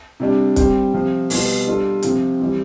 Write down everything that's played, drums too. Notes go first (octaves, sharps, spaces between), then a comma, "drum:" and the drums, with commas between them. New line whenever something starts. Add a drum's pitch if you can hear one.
C3 G3 D4
G3 C4 G4, drum: kick, hi-hat
C3 F3 C4
B2 G3 B3 F4, drum: open hi-hat
G3 D4 F4 A4
C3 F3 C4 G4, drum: hi-hat
E3 G3 C4